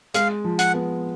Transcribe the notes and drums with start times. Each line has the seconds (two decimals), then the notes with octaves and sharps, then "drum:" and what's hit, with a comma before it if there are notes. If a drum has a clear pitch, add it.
0.14 G#3 F5, drum: hi-hat
0.45 F3
0.59 F#5, drum: hi-hat
0.74 B3